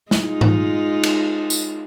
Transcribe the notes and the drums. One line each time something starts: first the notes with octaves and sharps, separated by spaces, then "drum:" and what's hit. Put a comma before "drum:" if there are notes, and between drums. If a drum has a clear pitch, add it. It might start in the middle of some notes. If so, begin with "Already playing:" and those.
G#3 D#4 F4, drum: snare
drum: tom G#2
drum: cymbal
drum: tambourine